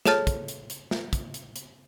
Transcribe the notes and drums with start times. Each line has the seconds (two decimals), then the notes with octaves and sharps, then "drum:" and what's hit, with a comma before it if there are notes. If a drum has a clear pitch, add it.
0.05 G#4 A4 C#5 A5 F6 A6, drum: snare
0.27 drum: kick, hi-hat
0.48 drum: hi-hat
0.70 drum: hi-hat
0.91 drum: snare
1.13 drum: kick, hi-hat
1.34 drum: hi-hat
1.56 drum: hi-hat